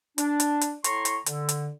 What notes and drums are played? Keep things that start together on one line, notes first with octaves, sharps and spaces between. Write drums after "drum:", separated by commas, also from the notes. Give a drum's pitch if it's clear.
D4, drum: hi-hat
drum: hi-hat
drum: hi-hat
A2 E4 A#5 C6 C#6, drum: hi-hat
drum: hi-hat
D3, drum: hi-hat
drum: hi-hat